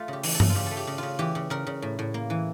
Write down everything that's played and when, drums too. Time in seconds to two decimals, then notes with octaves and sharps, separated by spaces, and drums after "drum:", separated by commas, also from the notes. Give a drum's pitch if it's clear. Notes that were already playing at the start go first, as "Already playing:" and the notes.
Already playing: A3 F4
0.08 C#3 G4
0.23 E3, drum: open hi-hat
0.34 A4
0.40 C#3, drum: tom G2
0.50 F4
0.55 C#3 G4
0.66 A3 A4
0.77 G4
0.87 C#3
0.98 C#3 F4
1.19 E3 G4
1.35 C#3
1.50 C#3 A#4
1.67 C#3
1.82 A2
1.99 A2
2.14 A#3
2.30 E3